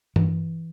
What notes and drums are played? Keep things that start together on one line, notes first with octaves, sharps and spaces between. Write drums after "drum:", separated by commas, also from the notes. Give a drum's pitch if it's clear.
E3, drum: tom G2